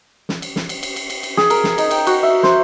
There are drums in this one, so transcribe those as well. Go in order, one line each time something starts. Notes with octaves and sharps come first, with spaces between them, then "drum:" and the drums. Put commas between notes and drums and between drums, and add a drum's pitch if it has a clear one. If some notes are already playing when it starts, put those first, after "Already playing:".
drum: snare
drum: cymbal
drum: snare
drum: cymbal
drum: cymbal
drum: cymbal
drum: cymbal
drum: cymbal
G#4, drum: snare
A#4, drum: cymbal
drum: snare
D#4, drum: cymbal
G5, drum: cymbal
F#4, drum: cymbal
E5
C5, drum: snare